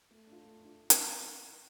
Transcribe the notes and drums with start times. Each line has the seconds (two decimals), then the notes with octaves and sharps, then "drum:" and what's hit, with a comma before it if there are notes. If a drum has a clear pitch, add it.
0.11 A3
0.27 D4
0.32 F4
0.45 A3
0.61 D4 F4
0.90 drum: hi-hat